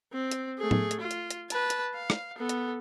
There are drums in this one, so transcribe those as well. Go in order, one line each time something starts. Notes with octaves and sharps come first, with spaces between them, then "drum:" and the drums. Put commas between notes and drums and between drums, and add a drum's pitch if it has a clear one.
C4
drum: hi-hat
A3 G#4
drum: tom
drum: hi-hat
F4
drum: hi-hat
drum: hi-hat
B4 A5, drum: hi-hat
drum: hi-hat
F5
drum: rim click
B3 A4
drum: hi-hat